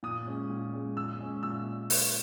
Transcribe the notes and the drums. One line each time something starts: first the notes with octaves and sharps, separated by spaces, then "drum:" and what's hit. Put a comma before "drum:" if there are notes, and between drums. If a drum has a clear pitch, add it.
A#2 D#6
G#3 C#4
A#2
G#3 C#4
A#2 E6
G#3 C#4
A#2 E6
drum: open hi-hat